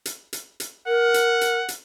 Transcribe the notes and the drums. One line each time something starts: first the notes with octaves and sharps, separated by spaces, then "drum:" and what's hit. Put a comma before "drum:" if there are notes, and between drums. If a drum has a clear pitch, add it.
drum: hi-hat
drum: hi-hat
drum: hi-hat
A#4 F#5
drum: hi-hat
drum: hi-hat
drum: hi-hat